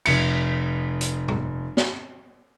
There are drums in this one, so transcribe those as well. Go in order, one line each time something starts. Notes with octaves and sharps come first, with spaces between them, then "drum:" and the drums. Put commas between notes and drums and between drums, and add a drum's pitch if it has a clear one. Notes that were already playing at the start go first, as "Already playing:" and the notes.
F1 C#7, drum: cymbal
drum: hi-hat
drum: tom A2
drum: snare